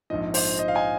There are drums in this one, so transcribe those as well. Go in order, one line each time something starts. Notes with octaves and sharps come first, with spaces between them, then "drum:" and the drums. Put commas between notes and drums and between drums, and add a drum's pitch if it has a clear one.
A#1 G#2 F3 D#5
C5, drum: open hi-hat
D#5
F5
D#5 G#5